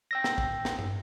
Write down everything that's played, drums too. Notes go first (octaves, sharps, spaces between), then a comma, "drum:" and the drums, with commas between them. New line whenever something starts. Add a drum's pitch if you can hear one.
G5 E6 A#6
drum: snare
drum: kick A1
drum: snare
drum: tom G2